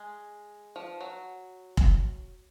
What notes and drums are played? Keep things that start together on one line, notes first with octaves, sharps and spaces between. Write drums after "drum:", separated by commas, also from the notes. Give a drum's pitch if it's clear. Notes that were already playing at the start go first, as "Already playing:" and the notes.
Already playing: G#3
F3
F#3
drum: kick